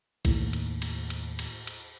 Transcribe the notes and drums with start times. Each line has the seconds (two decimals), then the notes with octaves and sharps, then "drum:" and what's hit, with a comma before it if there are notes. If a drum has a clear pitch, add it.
0.25 D#2 A2, drum: kick, cymbal
0.53 drum: cymbal
0.82 drum: cymbal
1.10 drum: cymbal
1.39 drum: cymbal
1.67 drum: cymbal